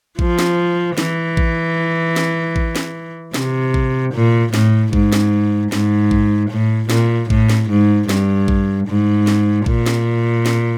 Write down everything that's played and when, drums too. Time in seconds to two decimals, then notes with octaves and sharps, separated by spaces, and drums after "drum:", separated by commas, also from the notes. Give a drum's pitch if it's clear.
0.19 F3, drum: kick A1
0.39 drum: snare
0.98 E3, drum: snare
1.37 drum: kick A1
2.16 drum: snare
2.56 drum: kick A1
2.76 drum: snare
3.34 C3, drum: snare
3.74 drum: kick A1
4.14 A#2
4.54 A2, drum: snare
4.93 G#2, drum: kick A1
5.12 drum: snare
5.72 G#2, drum: snare
6.11 drum: kick A1
6.51 A2
6.90 A#2, drum: snare
7.30 A2, drum: kick A1
7.49 drum: snare
7.70 G#2
8.09 G2, drum: snare
8.48 drum: kick A1
8.88 G#2
9.27 drum: snare
9.66 A#2, drum: kick A1
9.86 drum: snare
10.46 drum: snare